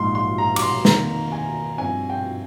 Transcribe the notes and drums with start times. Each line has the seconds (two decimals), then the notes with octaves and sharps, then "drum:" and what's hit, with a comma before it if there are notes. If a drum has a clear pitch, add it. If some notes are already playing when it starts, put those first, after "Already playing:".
Already playing: A#1 G#2 F3 C6
0.15 C6
0.38 A#5
0.56 D6, drum: cymbal
0.62 C6
0.85 F1 D#2 D#3 A#3 A#5, drum: snare
1.32 G#5
1.78 G2 F3 C4 G#5
2.10 G5